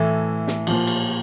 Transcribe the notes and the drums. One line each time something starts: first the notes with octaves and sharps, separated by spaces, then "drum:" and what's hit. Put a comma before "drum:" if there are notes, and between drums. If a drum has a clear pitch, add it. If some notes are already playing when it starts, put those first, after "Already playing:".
Already playing: A2 E3 A4
drum: snare
A#2 F3, drum: cymbal
drum: cymbal